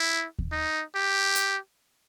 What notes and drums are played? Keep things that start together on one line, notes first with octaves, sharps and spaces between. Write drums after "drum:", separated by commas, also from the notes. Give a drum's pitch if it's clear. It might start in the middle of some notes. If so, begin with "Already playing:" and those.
Already playing: E4
drum: kick D#2
D#4
G4
drum: hi-hat